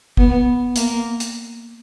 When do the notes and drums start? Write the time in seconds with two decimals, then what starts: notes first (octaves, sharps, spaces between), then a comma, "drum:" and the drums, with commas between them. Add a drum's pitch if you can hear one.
0.17 B3, drum: kick
0.76 A#3, drum: hi-hat
1.20 drum: hi-hat